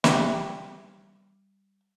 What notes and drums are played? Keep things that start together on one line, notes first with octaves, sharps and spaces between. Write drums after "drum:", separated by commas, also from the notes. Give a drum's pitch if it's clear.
G3 E5, drum: snare